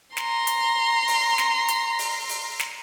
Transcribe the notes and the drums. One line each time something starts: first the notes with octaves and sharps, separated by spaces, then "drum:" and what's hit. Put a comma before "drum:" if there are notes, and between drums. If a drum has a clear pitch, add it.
A#5 C6, drum: snare
drum: hi-hat
drum: open hi-hat
drum: snare
drum: hi-hat
drum: open hi-hat
drum: open hi-hat
drum: snare